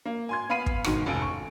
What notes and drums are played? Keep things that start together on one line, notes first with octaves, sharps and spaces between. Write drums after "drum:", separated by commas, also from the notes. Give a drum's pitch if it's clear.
A#3
G#5 C6 G#6
B3 F5 B5 C7 D#7
drum: kick
G#2 B2 D#3, drum: rim click
F1 C#2 A4 G#5 D7
C#6